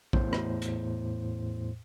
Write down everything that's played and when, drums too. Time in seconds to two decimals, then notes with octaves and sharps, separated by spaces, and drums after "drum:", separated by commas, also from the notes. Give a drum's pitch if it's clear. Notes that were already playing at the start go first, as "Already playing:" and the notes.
0.13 E2 A2 C5, drum: kick A#1
0.33 drum: rim click
0.62 drum: hi-hat